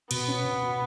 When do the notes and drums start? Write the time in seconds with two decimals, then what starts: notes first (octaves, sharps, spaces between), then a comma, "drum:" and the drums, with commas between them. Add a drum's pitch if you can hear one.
0.11 B2 B3, drum: cymbal
0.28 C#4
0.45 B2
0.63 B2